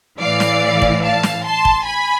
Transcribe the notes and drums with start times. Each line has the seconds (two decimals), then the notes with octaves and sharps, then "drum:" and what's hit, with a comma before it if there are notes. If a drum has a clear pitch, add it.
0.19 A2 E3 D5 F5
0.40 drum: snare
0.82 drum: kick
1.02 F5 A5
1.23 drum: snare
1.44 A5 C6
1.65 drum: kick
1.85 G#5 B5